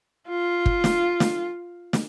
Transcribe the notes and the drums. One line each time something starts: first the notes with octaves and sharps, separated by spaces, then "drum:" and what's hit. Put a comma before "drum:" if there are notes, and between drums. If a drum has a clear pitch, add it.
F4
drum: kick
drum: snare
drum: snare
drum: snare